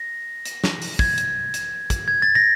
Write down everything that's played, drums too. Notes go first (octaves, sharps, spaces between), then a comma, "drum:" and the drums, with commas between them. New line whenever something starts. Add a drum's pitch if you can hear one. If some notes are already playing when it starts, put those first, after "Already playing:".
Already playing: A#6
drum: hi-hat
drum: snare
drum: open hi-hat
G#6, drum: kick
drum: hi-hat
drum: hi-hat
drum: kick, hi-hat
G#6
A6
A#6